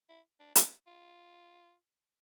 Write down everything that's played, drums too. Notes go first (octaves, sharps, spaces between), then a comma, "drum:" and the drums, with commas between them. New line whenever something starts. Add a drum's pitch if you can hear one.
E4
D4
D4, drum: hi-hat
F4